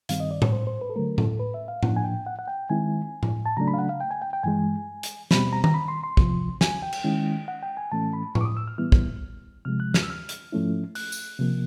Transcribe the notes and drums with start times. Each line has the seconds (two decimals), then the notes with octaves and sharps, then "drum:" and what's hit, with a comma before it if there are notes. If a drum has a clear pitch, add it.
0.09 G2 D#3 G3 C4 F5, drum: hi-hat
0.20 D#5
0.31 D5
0.42 C#5, drum: tom A2
0.52 C5
0.67 C5
0.81 B4
0.90 A4
0.96 D3 F#3 A3 A#4
1.18 A4, drum: tom A2
1.40 B4
1.54 E5
1.68 F5
1.83 A#2 F3 A#3 D4 F#5, drum: tom A2
1.96 G#5
2.04 G5
2.27 F#5
2.39 F#5
2.48 G5
2.70 D#3 G#3 C4 E4 G#5
3.23 drum: tom A2
3.46 A5
3.57 C#3 F#3 A3 D4 A#5
3.68 B5
3.74 F5
3.78 F#5
3.89 F5
4.00 G5
4.11 G#5
4.22 G5
4.33 G5
4.43 G2 E3 G#3 G#5
5.03 drum: hi-hat
5.31 B2 G3 C4 B5, drum: snare
5.53 A#5
5.64 A#5, drum: tom D#3
5.74 B5
5.88 C6
6.04 C6
6.17 E2 C3 F3, drum: kick
6.61 G#5, drum: snare
6.82 G5
6.93 drum: cymbal
7.04 D#3 G#3 C#4 E4
7.48 F#5
7.63 G5
7.77 G#5
7.92 A2 E3 A3 C#4 A5
8.13 B5
8.35 C#6, drum: tom A2
8.41 D6
8.45 D#6
8.57 E6
8.68 F6
8.78 A2 E3 G3 B3 E4 F6
8.92 drum: kick
9.65 C3 F3 G#3 F6
9.80 F#6
9.94 F6, drum: snare
10.03 E6
10.10 F6
10.29 drum: hi-hat
10.52 G#2 F3 A3 C#4 E4
10.95 F#6, drum: open hi-hat
11.12 drum: tambourine
11.39 C3 F3 A#3